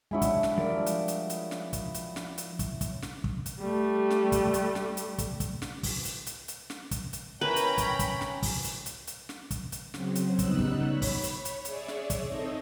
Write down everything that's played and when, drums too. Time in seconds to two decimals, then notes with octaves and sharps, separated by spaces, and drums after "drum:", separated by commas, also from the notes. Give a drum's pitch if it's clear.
0.11 F#3 G#3 D4 E4 G#4
0.22 drum: kick, hi-hat
0.43 drum: snare
0.58 F3 G3 D4 A#4 D5
0.86 drum: hi-hat
1.08 drum: hi-hat
1.30 drum: hi-hat
1.51 drum: snare
1.73 drum: kick, hi-hat
1.94 drum: hi-hat
2.16 drum: snare
2.38 drum: hi-hat
2.59 drum: kick, hi-hat
2.81 drum: kick, hi-hat
3.02 drum: snare
3.24 drum: kick
3.46 drum: hi-hat
3.60 G3 A3
4.10 drum: snare
4.32 drum: kick, hi-hat
4.54 drum: hi-hat
4.75 drum: snare
4.97 drum: hi-hat
5.18 drum: kick, hi-hat
5.40 drum: kick, hi-hat
5.62 drum: snare
5.83 drum: kick, open hi-hat
6.05 drum: hi-hat
6.26 drum: hi-hat
6.48 drum: hi-hat
6.70 drum: snare
6.91 drum: kick, hi-hat
7.13 drum: hi-hat
7.41 C#4 E4 A#4 B4 G5 A#5 B5
7.56 drum: hi-hat
7.78 drum: kick, hi-hat
7.99 drum: kick, hi-hat
8.21 drum: snare
8.43 drum: kick, open hi-hat
8.64 drum: hi-hat
8.86 drum: hi-hat
9.07 drum: hi-hat
9.29 drum: snare
9.51 drum: kick, hi-hat
9.72 drum: hi-hat
9.94 C#3 F#3 C4, drum: snare
10.15 drum: hi-hat
10.39 C#3 G3 B3 D#4 E6 F#6, drum: kick, hi-hat
10.59 drum: kick
10.85 C#5 B5
11.02 drum: kick, open hi-hat
11.23 drum: hi-hat
11.45 drum: hi-hat
11.65 G#4 C#5 D5 E5, drum: hi-hat
11.88 drum: snare
12.10 drum: kick, hi-hat
12.28 C4 D#4 A4 C#5 D#5 E5